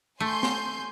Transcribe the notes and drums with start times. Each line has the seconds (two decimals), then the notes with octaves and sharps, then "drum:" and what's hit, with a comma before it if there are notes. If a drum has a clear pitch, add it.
0.20 A3 G#5 C6 G6
0.43 drum: snare